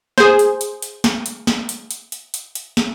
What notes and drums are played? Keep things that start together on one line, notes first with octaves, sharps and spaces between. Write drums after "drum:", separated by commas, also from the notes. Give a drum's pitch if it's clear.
G#4 C5, drum: snare
drum: hi-hat
drum: hi-hat
drum: hi-hat
drum: snare
drum: hi-hat
drum: snare
drum: hi-hat
drum: hi-hat
drum: hi-hat
drum: hi-hat
drum: hi-hat
drum: snare